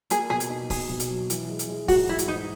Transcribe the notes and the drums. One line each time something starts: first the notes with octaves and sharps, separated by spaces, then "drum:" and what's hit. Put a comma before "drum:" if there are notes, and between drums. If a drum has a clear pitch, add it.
A#3 G#4, drum: hi-hat
B2 G#4
drum: hi-hat
D#4
B2 G#4, drum: kick C#1, open hi-hat
B2
drum: hi-hat
F#3
E3, drum: hi-hat
G#3
drum: hi-hat
G#3
G#2 F#4, drum: kick C#1, open hi-hat
E3 E4
drum: hi-hat
G#2 D#4